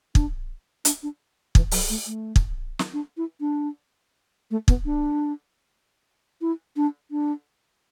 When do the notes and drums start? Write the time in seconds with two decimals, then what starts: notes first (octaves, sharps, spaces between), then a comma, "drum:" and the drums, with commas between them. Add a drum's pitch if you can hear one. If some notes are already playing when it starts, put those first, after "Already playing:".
0.15 D4, drum: kick
0.85 D4, drum: hi-hat
1.03 D4
1.55 E3, drum: kick
1.71 F#3, drum: open hi-hat
1.90 A3
2.06 A3
2.36 drum: kick
2.79 drum: snare
2.93 D4
3.17 E4
3.40 D4
4.51 A3
4.68 B3, drum: kick
4.85 D4
6.41 E4
6.76 D4
7.11 D4